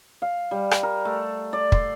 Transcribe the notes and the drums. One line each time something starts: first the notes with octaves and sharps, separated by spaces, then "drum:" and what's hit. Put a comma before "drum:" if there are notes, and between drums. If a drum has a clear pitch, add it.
F5
G3
drum: rim click
A#4
A3
D5
C6, drum: kick